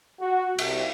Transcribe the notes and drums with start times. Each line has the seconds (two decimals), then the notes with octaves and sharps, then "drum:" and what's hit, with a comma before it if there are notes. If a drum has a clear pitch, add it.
0.20 F#4
0.58 C2, drum: cymbal